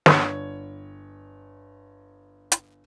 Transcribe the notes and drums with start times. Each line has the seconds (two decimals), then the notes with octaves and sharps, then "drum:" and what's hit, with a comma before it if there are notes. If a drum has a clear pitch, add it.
0.06 G1 C#5, drum: snare
2.52 drum: hi-hat